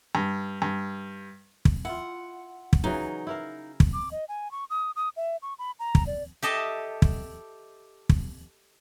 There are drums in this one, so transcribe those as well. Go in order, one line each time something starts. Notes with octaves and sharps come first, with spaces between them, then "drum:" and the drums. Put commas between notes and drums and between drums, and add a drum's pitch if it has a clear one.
G2
G2
drum: kick
E4 F4 F#5
drum: kick
C#3 E3 F#3 D#4
E4 A#4 F5
drum: kick
D6
D#5
G#5
C#6
D#6
D#6
E5
C#6
B5
A#5
drum: kick
D5
G4 A4 D#5 E5 A5
drum: kick
drum: kick